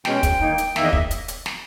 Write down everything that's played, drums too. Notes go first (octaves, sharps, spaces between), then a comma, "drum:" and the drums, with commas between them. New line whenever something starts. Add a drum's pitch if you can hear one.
B2 G#3 C#4 G5, drum: snare
drum: kick, hi-hat
D#3 A#3 D#4
drum: hi-hat
E2 D#3 A#3 E5, drum: snare
D#5
E5, drum: kick
drum: hi-hat
drum: hi-hat
drum: snare